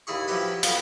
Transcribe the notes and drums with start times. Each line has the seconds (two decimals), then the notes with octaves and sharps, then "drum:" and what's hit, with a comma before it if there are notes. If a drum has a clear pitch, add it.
0.07 D#2 E4 G#4 C#6
0.28 F3 F#3 E4 G4 B4
0.63 F2 F3 F#3 B3 F#5 B5, drum: hi-hat